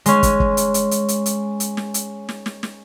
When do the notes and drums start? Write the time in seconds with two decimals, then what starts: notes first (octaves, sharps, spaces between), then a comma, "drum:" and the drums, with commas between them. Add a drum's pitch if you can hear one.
0.06 G#3 C#4, drum: hi-hat
0.23 drum: kick, hi-hat
0.40 drum: kick
0.57 drum: hi-hat
0.74 drum: hi-hat
0.91 drum: hi-hat
1.09 drum: hi-hat
1.26 drum: hi-hat
1.60 drum: hi-hat
1.77 drum: snare
1.94 drum: hi-hat
2.29 drum: snare
2.46 drum: snare
2.63 drum: snare